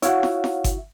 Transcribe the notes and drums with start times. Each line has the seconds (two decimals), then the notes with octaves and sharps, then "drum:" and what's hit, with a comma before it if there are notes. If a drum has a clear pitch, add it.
0.02 E4 F#4 C#5 F5 F#5, drum: hi-hat
0.23 drum: snare
0.44 drum: snare
0.64 drum: kick G1, hi-hat